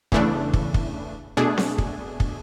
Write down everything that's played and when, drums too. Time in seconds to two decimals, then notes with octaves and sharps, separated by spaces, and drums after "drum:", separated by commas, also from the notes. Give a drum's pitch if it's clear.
0.12 E2 C#3 E3 A3 D4, drum: kick
0.54 drum: kick
0.74 drum: kick
1.37 B2 A3 D4 G#4
1.58 drum: snare C4
1.78 drum: kick
2.20 drum: kick